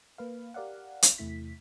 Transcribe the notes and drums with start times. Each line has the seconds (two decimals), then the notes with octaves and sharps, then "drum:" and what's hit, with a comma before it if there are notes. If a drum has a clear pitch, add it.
0.18 A#3 B4 F5
0.54 G4 A#4 D5 F5 F#5
1.02 drum: hi-hat
1.18 E2 C3 A3 E4 B6